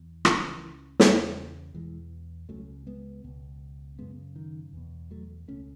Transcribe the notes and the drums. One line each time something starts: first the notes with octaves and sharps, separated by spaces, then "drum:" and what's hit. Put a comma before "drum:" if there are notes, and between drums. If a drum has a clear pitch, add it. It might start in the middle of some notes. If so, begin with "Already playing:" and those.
Already playing: E2
C#2 C#3 E3, drum: rim click
E2 C#3, drum: snare
E2 B2 E3 G#3
C#2 C#3 F#3 A3
G#3 B3
C#2 B2
F#2 C#3 G#3 B3
D#3
E2 B2
F#3 A3
C#2 C#3 A3 C#4